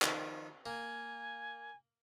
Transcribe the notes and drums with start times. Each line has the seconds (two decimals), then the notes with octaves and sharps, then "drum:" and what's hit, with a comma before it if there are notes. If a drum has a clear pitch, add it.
0.02 D#3 F3, drum: clap
0.66 A#3 G#5